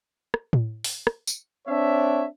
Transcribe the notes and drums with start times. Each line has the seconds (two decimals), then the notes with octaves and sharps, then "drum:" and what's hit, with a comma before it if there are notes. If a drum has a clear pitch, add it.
0.34 drum: rim click
0.53 drum: tom A2
0.84 drum: open hi-hat
1.07 drum: rim click
1.27 drum: tambourine
1.68 C4 D4 C#5 E5